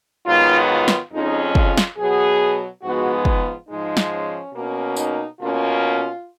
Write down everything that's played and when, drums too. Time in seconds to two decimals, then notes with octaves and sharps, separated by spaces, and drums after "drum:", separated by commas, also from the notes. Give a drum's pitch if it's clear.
0.27 G#2 D#3 F#3 B3 F4
0.69 F4
0.88 drum: snare
1.12 F2 F3 G#3 C#4 D#4
1.55 F4, drum: kick
1.77 drum: snare
1.97 B2 F#3 B3 G#4
2.83 G#2 F3 G#3 B3 F#4
3.25 F4, drum: kick
3.68 G#2 F3 G#3 D#4
3.97 drum: snare
4.12 C#4
4.53 B2 A#3 C#4
4.97 D#4, drum: tambourine
5.39 B2 A#3 C#4 F4